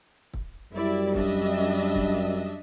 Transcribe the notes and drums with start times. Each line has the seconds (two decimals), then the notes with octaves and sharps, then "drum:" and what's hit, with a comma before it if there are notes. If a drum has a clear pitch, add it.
0.34 drum: kick
0.73 F#2 G3 E4 D5
1.14 D4 D#5 E5, drum: kick
1.95 drum: kick